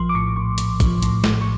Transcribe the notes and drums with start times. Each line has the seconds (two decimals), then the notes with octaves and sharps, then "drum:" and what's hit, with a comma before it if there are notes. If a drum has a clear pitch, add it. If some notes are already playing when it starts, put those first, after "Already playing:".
Already playing: A#1 F3 C6
0.09 D6
0.15 A2 C#6
0.36 A#1 C#6
0.58 A#1, drum: hi-hat
0.80 F3, drum: kick, hi-hat
1.02 A2, drum: hi-hat
1.24 A#1, drum: snare
1.41 C#6